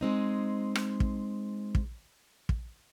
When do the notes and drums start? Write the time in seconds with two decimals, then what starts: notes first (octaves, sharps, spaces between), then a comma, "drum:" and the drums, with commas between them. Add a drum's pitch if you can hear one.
0.01 G#3 C4 D#4
0.75 drum: rim click
1.00 drum: kick
1.75 drum: kick
2.49 drum: kick